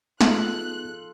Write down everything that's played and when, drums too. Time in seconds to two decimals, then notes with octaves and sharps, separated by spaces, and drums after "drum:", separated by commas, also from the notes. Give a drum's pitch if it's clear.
0.21 F3 B3 D#4 F4 G#4 A4 F#6, drum: snare